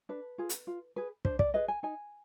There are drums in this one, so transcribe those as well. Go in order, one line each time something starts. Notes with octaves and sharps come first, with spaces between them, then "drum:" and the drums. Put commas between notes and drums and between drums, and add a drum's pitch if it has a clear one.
D4 B4
F4 G#4
drum: hi-hat
F4
G#4 B4
D4 C5, drum: kick
D5, drum: kick
G#4 B4 D#5
G#5
D#4 G#5